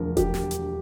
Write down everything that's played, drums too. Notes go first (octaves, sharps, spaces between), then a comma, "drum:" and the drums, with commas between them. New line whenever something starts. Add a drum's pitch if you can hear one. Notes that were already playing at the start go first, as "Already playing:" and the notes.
Already playing: E1 D2 D3 F3 A#4
G4, drum: kick E1, hi-hat
drum: snare
drum: hi-hat